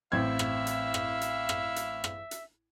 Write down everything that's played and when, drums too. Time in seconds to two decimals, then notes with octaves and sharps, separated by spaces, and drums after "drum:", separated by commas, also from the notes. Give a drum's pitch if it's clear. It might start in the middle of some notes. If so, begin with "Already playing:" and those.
0.12 A1 C4 E4 E5 F5 G#6
0.39 drum: rim click
0.67 drum: hi-hat
0.94 drum: rim click
1.21 drum: hi-hat
1.49 drum: rim click
1.76 drum: hi-hat
2.04 drum: rim click
2.31 drum: hi-hat